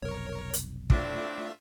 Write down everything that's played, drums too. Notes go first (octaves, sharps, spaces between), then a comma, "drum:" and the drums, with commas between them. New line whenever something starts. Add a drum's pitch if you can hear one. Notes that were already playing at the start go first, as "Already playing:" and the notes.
F1 B1 A#4 C#5
drum: hi-hat
A2 A3 C4 D4 F4 E5, drum: kick